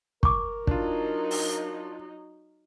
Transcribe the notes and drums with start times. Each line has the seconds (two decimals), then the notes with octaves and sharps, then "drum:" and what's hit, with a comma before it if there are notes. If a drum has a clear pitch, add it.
0.23 A#4 C#6 D6, drum: kick
0.67 F#3 D4 D#4 F4, drum: kick
1.31 drum: open hi-hat